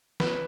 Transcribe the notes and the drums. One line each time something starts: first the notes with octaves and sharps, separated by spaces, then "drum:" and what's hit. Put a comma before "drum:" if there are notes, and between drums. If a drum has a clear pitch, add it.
B4, drum: snare